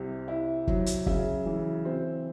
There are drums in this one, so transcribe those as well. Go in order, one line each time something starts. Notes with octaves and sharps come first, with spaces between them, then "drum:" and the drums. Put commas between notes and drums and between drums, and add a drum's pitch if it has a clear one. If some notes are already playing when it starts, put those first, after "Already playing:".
Already playing: C2 C3
E4
F#3, drum: kick
drum: hi-hat
C#3 E5, drum: kick
E3
C4